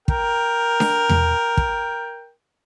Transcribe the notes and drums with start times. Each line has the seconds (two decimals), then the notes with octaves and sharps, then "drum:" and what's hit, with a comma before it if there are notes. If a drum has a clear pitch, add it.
0.08 A#4 G5, drum: kick
0.80 drum: snare D4
1.09 drum: tom E2
1.57 drum: kick